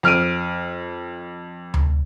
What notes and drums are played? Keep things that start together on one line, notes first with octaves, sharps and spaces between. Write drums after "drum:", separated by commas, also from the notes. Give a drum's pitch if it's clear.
F2 F6 D7 D#7
drum: tom D2